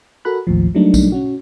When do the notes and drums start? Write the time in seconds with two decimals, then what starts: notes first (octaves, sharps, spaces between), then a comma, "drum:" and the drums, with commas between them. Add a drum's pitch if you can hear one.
0.25 F#4 A4 A#4 B5 F#6
0.47 A1 D#2 A2 F3
0.75 F#3 G3 A3 A#3 D4 D#4
0.94 drum: kick A#1, tambourine
1.12 C#4 F#4